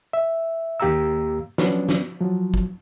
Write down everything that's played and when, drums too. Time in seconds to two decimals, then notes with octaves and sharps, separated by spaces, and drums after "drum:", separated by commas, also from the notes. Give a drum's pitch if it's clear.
0.13 E5
0.80 D#2 A#3 G4 F5 A#5 E6
1.58 F3 F#3 B3 C#4 D4, drum: snare
1.89 drum: snare
2.21 F3 F#3
2.54 drum: kick